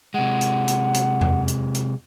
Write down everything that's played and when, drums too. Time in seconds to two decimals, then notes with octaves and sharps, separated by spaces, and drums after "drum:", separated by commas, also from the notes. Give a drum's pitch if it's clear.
0.14 C3 G#3 F#5
0.41 drum: hi-hat
0.68 drum: hi-hat
0.94 drum: hi-hat
1.21 drum: tom E2
1.48 drum: hi-hat
1.75 drum: hi-hat